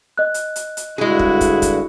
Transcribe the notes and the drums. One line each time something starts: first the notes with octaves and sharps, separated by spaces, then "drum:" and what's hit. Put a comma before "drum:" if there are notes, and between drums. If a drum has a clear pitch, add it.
D#5 F#6
drum: hi-hat
drum: hi-hat
drum: hi-hat
G2 D3 G#3 E4 F#4 G#4
drum: kick
drum: kick, hi-hat
drum: kick, hi-hat